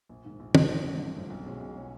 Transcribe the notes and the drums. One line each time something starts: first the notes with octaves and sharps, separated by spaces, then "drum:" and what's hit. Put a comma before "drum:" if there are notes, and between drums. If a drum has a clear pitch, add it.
A#1
G#2 D#3
A#1
G#2 D#3, drum: tom
G#1
G2 D3 F3 A3
G#1
G2 D3 F3 A3
B1
B2 G#3 C#4
B1
B2 G#3 C#4